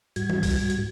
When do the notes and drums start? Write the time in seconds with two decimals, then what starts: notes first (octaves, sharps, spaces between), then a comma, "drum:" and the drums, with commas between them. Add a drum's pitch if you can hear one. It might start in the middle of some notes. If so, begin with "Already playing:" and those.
0.16 G#2 G3 F#4 G#6, drum: hi-hat
0.30 drum: tom E3
0.43 drum: kick B1, open hi-hat
0.70 drum: hi-hat